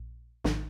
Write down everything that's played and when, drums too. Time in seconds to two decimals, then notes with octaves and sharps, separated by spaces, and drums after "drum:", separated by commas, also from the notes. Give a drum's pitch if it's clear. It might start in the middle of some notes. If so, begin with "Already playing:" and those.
Already playing: A#1
0.44 A1 D#3, drum: snare